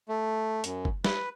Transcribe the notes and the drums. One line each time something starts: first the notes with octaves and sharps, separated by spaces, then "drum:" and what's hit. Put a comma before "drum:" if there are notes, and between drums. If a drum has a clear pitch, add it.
A3
F#2, drum: hi-hat
drum: kick
B4, drum: snare